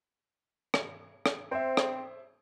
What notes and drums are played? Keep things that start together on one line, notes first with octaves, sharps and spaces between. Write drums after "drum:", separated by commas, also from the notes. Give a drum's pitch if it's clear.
drum: rim click
drum: rim click
C4 C5 E5
drum: rim click